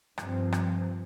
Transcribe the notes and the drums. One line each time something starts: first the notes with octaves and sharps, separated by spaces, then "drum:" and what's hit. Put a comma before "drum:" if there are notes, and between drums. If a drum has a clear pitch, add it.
G2 F3 C4, drum: rim click
drum: rim click